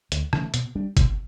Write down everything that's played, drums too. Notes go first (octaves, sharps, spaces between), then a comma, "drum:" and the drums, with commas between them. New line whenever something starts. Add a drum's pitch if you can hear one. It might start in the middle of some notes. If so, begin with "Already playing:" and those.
D2, drum: hi-hat
C#3 E3 A3, drum: rim click
B2, drum: hi-hat
G3 D4
B2, drum: kick G1, hi-hat